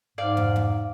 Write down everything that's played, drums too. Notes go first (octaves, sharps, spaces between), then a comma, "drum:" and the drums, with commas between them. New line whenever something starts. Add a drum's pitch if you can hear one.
G#2 D5 F5
drum: tom
drum: tom